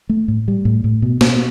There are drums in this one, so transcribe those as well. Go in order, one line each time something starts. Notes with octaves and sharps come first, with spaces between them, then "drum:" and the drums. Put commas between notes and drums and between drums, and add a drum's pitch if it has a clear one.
A3
A2
G3
A2
A2
B2
B2, drum: snare